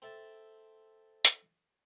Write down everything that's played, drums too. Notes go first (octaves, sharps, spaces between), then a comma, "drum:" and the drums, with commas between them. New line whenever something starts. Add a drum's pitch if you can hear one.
C4 A4 E5 A5
drum: hi-hat